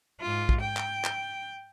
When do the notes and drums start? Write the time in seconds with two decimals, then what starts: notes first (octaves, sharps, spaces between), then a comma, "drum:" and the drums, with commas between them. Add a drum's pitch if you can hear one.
0.21 G#2 F4
0.49 drum: kick
0.61 G5
0.77 drum: clap
1.04 drum: clap